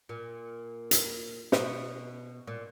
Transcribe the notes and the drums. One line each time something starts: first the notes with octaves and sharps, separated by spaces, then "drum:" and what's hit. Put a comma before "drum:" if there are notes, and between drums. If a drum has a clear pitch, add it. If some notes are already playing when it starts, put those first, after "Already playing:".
A#2
drum: hi-hat
B2, drum: snare
A#2